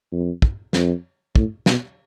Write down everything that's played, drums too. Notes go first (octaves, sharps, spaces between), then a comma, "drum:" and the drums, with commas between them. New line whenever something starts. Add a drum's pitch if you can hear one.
F2
drum: kick
F2, drum: snare
A2, drum: kick
B2, drum: snare